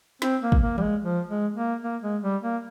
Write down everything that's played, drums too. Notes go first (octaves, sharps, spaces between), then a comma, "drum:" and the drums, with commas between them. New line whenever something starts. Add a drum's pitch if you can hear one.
C4, drum: snare
A#3
drum: kick
A#3
G3, drum: tom E3
G#3
F3
G#3
A#3
A#3
G#3
G3
A#3